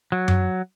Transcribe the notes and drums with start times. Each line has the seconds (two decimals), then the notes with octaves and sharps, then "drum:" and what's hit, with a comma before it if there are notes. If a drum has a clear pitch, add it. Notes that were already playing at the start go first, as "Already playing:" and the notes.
0.12 F#3
0.28 drum: tom F#2